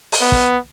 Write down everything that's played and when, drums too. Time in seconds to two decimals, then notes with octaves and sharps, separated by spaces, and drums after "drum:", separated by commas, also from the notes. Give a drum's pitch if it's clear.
0.12 drum: open hi-hat
0.21 B3
0.32 drum: kick